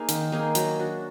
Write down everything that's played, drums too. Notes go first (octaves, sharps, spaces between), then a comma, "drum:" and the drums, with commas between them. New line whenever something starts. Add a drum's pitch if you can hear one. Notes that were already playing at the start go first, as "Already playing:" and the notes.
Already playing: A#3 D#4 G#4
D#3, drum: hi-hat
A#3 D#4 G#4
F#3, drum: hi-hat
D4 F#4